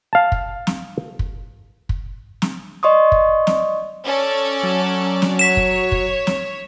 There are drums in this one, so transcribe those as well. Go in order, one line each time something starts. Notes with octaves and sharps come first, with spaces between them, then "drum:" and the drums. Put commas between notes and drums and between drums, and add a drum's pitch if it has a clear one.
F5 A5
drum: kick
drum: snare
drum: kick
drum: kick
drum: snare
D5 D#5 C6 C#6 D#6
drum: kick
drum: snare
C#4 A4 D5
F#3
drum: snare
C#5 B6 E7
drum: kick
drum: kick
drum: snare